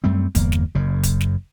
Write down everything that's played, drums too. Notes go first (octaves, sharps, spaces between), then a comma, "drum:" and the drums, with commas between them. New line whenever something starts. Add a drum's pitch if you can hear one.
F#2 G3 A3 C4
G1 E2 A#3, drum: kick D1, hi-hat
drum: snare
F#1 F#2 C#3
drum: kick D1, hi-hat
drum: snare